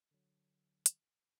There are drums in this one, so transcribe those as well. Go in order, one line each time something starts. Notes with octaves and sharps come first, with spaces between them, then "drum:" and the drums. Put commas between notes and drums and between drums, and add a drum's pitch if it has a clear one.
D3 F#3
drum: hi-hat